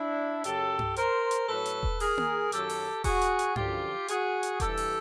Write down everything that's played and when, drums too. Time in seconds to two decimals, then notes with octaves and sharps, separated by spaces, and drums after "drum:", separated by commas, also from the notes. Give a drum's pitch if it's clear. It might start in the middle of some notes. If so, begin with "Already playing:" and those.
Already playing: D4 E4
0.44 F#2 C#3 F#3 G4 A4, drum: hi-hat
0.79 drum: tom G2
0.96 A#4 C5, drum: hi-hat
1.31 drum: hi-hat
1.48 A2 F#3 A4 B4
1.66 drum: hi-hat
1.83 drum: kick E1
2.00 G#4 A#4, drum: open hi-hat
2.18 drum: tom A#3
2.52 F#2 D#3 F#3 G4 A4, drum: hi-hat
2.69 drum: open hi-hat
3.04 F#4 G#4, drum: kick E1, open hi-hat
3.21 drum: hi-hat
3.39 drum: hi-hat
3.56 F#2 D3 F3 F4 G4, drum: tom G2
4.08 F#4 G#4, drum: hi-hat
4.43 drum: hi-hat
4.60 G2 E3 G4 A4, drum: kick E1, hi-hat
4.77 drum: open hi-hat